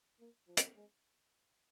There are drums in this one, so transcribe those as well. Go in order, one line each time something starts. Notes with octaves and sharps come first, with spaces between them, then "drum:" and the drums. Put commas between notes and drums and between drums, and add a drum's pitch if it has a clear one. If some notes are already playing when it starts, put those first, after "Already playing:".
A#3
F3
drum: hi-hat
G#3